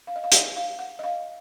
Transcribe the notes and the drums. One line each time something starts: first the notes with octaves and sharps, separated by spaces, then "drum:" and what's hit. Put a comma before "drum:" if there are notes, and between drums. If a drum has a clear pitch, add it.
F5
D#5
F5
F#5, drum: hi-hat
F5
F#5
D#5
F5